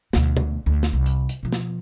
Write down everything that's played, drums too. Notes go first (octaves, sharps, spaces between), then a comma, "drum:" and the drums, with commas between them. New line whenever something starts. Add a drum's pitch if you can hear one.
D2 B2, drum: snare
drum: tom B2
D2
drum: snare
C2
drum: hi-hat
drum: hi-hat
B2 F3
drum: snare